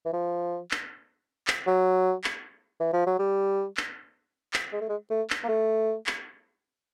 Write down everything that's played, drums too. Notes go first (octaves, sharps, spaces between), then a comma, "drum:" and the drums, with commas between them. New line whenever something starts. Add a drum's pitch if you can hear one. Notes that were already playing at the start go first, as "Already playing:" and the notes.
E3
F3
drum: clap
drum: clap
F#3
drum: clap
E3
F3
F#3
G3
drum: clap
drum: clap
G#3
A3
G#3
A3
drum: clap
A#3
A3
drum: clap